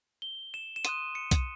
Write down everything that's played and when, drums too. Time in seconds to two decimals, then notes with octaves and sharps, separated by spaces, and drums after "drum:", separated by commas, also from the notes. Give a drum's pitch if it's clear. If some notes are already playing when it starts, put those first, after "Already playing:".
0.22 G7
0.54 E7
0.76 E7
0.85 C6 D#6 F#6 D#7, drum: hi-hat
1.15 C#7
1.31 drum: kick B1, hi-hat